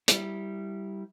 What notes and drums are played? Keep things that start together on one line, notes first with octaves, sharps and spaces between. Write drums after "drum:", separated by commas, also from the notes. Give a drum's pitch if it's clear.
G3 E4, drum: hi-hat